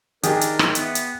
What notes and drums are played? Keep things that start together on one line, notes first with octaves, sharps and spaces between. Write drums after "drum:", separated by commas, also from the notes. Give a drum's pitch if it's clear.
D#3 D4 G4 G#4 A#4, drum: hi-hat
drum: hi-hat
drum: rim click
B3 E5, drum: hi-hat
drum: hi-hat